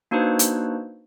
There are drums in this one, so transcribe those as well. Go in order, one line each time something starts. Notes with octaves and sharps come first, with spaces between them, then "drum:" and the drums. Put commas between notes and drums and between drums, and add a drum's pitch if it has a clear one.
A#3 D4 D#4 F#4 B4 C5
drum: hi-hat